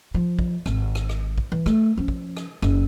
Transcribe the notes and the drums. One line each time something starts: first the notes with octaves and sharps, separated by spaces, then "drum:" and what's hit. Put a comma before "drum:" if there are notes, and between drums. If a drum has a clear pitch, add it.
F3
drum: kick
G#1, drum: rim click
drum: rim click
drum: rim click
drum: kick
E3
A3, drum: rim click
F3 C#4
drum: kick
drum: rim click
F#1, drum: rim click